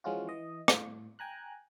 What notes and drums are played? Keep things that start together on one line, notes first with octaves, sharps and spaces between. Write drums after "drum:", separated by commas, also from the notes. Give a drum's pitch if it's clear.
E3 F3 G#3 C#4 F4 F#4
E3 D#5
A2, drum: rim click
G5 G#5 A#5 F#6